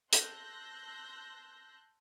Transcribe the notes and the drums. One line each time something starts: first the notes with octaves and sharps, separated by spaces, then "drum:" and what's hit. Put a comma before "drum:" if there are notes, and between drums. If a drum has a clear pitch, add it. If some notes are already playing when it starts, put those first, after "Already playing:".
A5 C6 E6 F#6 G6 A#6, drum: hi-hat